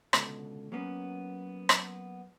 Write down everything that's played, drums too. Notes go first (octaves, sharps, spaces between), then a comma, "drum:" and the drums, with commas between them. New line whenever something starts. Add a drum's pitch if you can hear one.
C#2 B2 D3, drum: rim click
F#3 A#3 B3 C#4
drum: rim click